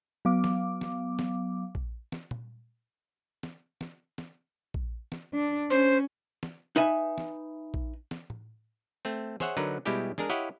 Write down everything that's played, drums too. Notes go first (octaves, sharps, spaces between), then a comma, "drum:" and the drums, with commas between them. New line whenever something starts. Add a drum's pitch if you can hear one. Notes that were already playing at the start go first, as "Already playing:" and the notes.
F#3 B3 F5 D6
drum: snare
drum: snare
drum: snare
drum: kick A#1
drum: snare
drum: tom A#2
drum: snare
drum: snare
drum: snare
drum: kick A#1
drum: snare
D4
C#4 C5
drum: snare
D#4 B4 E5 G#5
drum: snare
drum: kick A#1
drum: snare
drum: tom A2
A3 C4
G#4 C5 C#5 E5 F#5, drum: snare
D3 F#3 D#4 A#4 B4
B2 G3 G#3 E4 G4 G5
G#3 D4 G#4 A#4, drum: snare
E4 G4 C#5 D#5 F5 F#5